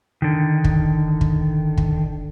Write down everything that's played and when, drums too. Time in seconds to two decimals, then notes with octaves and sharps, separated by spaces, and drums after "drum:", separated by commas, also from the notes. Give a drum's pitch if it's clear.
0.22 D3 D#3
0.64 drum: kick
1.21 drum: kick
1.78 drum: kick